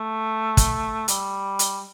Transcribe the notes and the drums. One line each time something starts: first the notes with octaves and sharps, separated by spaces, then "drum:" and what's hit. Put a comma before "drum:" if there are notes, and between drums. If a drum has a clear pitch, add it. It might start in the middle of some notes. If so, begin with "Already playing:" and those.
Already playing: A3
drum: kick, hi-hat
G3, drum: hi-hat
drum: hi-hat